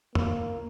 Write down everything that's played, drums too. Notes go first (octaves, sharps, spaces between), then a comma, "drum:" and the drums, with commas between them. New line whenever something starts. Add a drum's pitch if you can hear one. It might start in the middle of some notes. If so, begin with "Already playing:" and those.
A#3, drum: tom